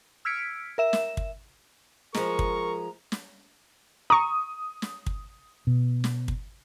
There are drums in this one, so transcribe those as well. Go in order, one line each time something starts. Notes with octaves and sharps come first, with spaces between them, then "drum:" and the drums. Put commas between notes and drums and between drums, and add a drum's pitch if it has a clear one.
E6 F6 G#6 B6 C#7 D7
A#4 E5 E7
drum: snare
drum: kick
F3 G#3 A#4 A#5 C#6, drum: snare
drum: kick
drum: snare
A#5 C#6 D#6
drum: snare
drum: kick
B2
drum: snare
drum: kick